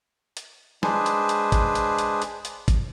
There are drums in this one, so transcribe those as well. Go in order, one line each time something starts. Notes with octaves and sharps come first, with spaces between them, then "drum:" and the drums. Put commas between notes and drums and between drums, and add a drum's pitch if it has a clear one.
drum: hi-hat
G#3 D4 G#4 B4 C5, drum: snare
drum: hi-hat
drum: hi-hat
drum: kick G#1, hi-hat
drum: hi-hat
drum: hi-hat
drum: hi-hat
drum: hi-hat
drum: kick G#1, hi-hat